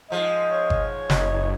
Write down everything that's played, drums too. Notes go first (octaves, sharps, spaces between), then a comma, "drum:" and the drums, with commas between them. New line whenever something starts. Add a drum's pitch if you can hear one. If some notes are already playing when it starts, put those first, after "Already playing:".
G#2 F3 G#3 D#5
C#5
drum: kick G1
F#1 D#5, drum: snare